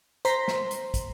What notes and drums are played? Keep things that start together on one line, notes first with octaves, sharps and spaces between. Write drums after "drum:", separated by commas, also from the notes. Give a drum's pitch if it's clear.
C5 A#5 C6 B6, drum: hi-hat
drum: snare
drum: hi-hat
drum: kick, hi-hat